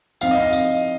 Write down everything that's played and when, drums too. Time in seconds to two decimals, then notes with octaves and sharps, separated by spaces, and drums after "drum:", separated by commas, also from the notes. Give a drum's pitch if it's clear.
0.21 F3 C4 D#4 F5, drum: tambourine
0.31 D#5
0.41 F5
0.53 drum: tambourine